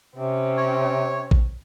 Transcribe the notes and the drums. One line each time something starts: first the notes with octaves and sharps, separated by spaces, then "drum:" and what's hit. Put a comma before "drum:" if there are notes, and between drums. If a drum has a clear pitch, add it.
C3 C4 C#4
C#5
drum: kick A1